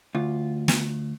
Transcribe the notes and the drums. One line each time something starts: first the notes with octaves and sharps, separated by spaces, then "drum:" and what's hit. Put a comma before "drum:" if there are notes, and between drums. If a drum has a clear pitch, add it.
D2 F4
drum: snare